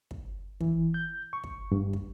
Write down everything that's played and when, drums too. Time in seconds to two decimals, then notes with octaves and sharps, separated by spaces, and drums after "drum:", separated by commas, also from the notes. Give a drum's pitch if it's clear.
0.11 drum: kick
0.61 E3, drum: kick
0.94 G6
1.33 C#6
1.44 drum: kick
1.72 G2
1.93 drum: kick